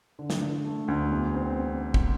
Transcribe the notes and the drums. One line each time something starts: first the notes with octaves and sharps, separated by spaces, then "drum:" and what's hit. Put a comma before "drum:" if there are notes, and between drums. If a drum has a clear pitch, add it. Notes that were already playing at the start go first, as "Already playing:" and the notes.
D3
drum: snare
D3
A3
D2
E2
C4
C4
C4
drum: kick